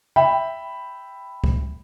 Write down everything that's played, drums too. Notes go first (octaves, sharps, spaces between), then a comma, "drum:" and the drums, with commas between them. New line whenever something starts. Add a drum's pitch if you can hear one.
E5 G5 B5
drum: kick C#2